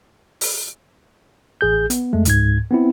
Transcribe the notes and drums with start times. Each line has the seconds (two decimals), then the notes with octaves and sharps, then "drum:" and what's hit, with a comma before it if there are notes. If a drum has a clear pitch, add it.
0.41 drum: open hi-hat
1.61 A1 G#4 G6
1.90 B3, drum: hi-hat
2.13 F2 G#3 A3
2.25 C#2 G#2 G#6, drum: hi-hat
2.71 B3 C4 E4